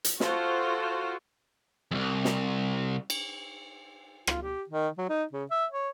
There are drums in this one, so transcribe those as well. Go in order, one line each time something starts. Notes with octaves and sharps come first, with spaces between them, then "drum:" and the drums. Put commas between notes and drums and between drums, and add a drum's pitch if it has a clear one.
drum: hi-hat
F4 F#4 A4 C5, drum: snare
C2 F2
drum: snare
drum: cymbal
F4, drum: rim click
G4
D#3
F#3
D#4
C#3
E5
C#5